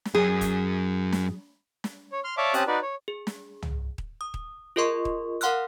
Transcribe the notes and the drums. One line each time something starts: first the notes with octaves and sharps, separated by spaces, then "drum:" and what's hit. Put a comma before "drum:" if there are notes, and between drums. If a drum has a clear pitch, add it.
drum: snare
F#2 F#3 G#4
drum: kick D#1, hi-hat
drum: snare
drum: snare
C#5
C6 F6
C#5 D5 E5 F5 A5 D6
C4 C#4 G4 A5 D#6 F#6, drum: hi-hat
D#4 F#4 B4 D5
C#5
G#4
drum: snare
drum: tom
drum: kick D#1
D#6
drum: kick D#1
F4 G#4 A#4 D#5 C6 C#6
drum: kick D#1
A#4 F5 F#5 C6 F6 F#6, drum: hi-hat